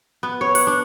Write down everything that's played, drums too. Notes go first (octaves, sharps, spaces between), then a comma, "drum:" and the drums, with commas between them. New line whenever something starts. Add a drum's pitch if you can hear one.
B3
C#5
F#5, drum: open hi-hat
D4